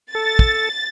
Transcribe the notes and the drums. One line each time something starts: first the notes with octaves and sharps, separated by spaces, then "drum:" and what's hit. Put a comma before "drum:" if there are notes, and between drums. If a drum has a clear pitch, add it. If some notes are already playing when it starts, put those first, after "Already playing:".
A4 A6
drum: kick